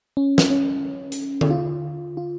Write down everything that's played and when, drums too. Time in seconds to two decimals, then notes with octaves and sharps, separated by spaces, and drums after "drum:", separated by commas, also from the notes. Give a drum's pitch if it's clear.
0.17 C#4
0.38 drum: snare
0.50 C#4
1.12 drum: hi-hat
1.41 drum: tom D3
1.50 F4
2.17 F4